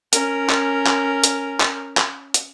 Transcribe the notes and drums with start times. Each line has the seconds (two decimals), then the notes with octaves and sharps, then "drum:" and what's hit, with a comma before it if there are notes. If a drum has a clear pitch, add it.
0.13 C#4 A#4, drum: hi-hat
0.50 drum: clap
0.87 drum: clap
1.24 drum: hi-hat
1.60 drum: clap
1.97 drum: clap
2.34 drum: hi-hat